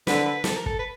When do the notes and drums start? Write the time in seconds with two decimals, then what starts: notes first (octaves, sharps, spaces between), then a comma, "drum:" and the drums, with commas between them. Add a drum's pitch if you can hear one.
0.07 D3 B4, drum: snare
0.25 B4
0.44 A4, drum: snare
0.56 A#4
0.66 A4, drum: kick
0.78 B4